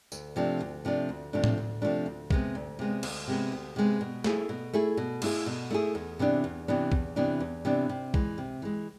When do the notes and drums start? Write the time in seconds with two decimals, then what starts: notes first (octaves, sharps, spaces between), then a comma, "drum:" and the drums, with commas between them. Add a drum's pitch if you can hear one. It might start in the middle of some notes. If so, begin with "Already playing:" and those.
0.12 D2, drum: tambourine
0.36 C3 F3 A3 D4
0.61 D2
0.85 C3 F3 A3 D4
1.09 D2
1.33 C3 F3 A3 D4
1.44 drum: tom A2
1.58 D2
1.82 C3 F3 A3 D4
2.06 D2
2.30 C3 G#3 B3, drum: kick
2.55 D2
2.79 C3 G#3 B3
3.03 D2, drum: cymbal
3.28 C3 G#3 B3
3.52 D2
3.76 C3 G#3 B3
4.01 B2
4.24 A3 E4 G#4, drum: snare
4.49 B2
4.73 A3 E4 G#4
4.97 B2
5.22 A3 E4 G#4, drum: cymbal
5.46 B2
5.70 A3 E4 G#4
5.95 E2
6.19 C3 E3 B3 D4
6.44 E2
6.68 C3 E3 B3 D4
6.92 E2, drum: kick
7.16 C3 E3 B3 D4
7.40 E2
7.65 C3 E3 B3 D4
7.89 C3
8.14 E3 G#3, drum: kick
8.38 C3
8.62 E3 G#3